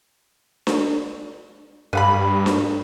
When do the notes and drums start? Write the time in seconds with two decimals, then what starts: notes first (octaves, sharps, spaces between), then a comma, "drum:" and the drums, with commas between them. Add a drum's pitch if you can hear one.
0.67 drum: snare D4
1.93 G2 B4 F5 B5
2.46 drum: snare D4